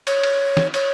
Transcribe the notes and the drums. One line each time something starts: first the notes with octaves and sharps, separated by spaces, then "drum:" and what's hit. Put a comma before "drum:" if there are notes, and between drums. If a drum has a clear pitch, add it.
C#5, drum: cymbal
drum: cymbal
drum: snare
C#5, drum: cymbal